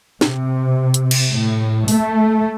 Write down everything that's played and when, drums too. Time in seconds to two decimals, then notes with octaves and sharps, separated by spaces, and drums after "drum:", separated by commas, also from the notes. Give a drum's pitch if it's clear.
0.21 C3, drum: snare
0.94 drum: hi-hat
1.11 drum: cymbal
1.32 A2
1.88 A3, drum: open hi-hat